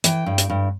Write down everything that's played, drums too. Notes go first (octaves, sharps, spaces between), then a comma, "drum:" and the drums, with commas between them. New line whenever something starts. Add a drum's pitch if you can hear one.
E3 G5, drum: hi-hat
G2
drum: hi-hat
G2